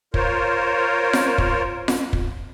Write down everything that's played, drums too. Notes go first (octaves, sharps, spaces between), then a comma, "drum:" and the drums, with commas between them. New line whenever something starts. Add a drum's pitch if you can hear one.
F4 A#4 C5 C#5, drum: kick
drum: snare F4
drum: kick
drum: snare F4
drum: kick